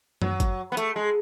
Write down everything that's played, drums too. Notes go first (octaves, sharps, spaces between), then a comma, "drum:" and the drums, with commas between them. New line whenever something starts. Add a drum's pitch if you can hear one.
F#3, drum: tom F#2
drum: kick, hi-hat
B3
A3, drum: hi-hat
G#3